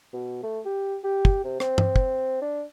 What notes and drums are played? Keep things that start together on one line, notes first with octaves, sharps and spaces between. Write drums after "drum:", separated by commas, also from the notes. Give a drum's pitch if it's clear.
B2
A3
G4
G4
drum: kick
C3
C4, drum: rim click
drum: tom
drum: kick
D4